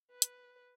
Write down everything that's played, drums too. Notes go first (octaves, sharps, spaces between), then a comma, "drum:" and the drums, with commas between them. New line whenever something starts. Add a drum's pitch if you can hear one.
B4
drum: hi-hat